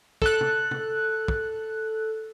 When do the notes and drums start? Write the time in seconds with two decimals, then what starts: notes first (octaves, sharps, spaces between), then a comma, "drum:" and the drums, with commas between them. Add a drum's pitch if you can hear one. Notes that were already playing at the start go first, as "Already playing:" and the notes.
0.22 A4 F#6, drum: kick
0.41 drum: tom
0.71 drum: tom
1.28 drum: kick